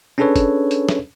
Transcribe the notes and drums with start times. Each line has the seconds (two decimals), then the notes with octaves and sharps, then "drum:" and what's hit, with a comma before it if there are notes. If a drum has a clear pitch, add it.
0.18 C#4 D4 G#4 A4 B4 C#5
0.36 drum: kick, hi-hat
0.71 drum: hi-hat
0.89 drum: snare